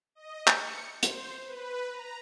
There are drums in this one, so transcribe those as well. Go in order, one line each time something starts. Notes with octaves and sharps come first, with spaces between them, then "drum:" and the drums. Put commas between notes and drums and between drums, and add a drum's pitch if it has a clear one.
D#5
C#7, drum: clap
C5, drum: hi-hat
B4
A#5